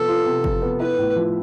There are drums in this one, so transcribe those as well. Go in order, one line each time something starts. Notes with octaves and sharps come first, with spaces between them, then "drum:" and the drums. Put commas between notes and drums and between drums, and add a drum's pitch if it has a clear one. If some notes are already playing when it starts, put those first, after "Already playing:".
Already playing: C3 F3 B3 A4
F4
C3
F3, drum: kick F#1
B3
E4 B4
A2
F3